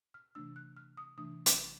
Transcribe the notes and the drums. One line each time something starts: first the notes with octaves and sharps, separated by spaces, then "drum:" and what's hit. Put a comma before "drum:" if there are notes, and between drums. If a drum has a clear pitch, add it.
F6
C3 E3 A3 D4 E6
F#6
F6
D#6
C3 E3 A3 D4 D#6
D6, drum: hi-hat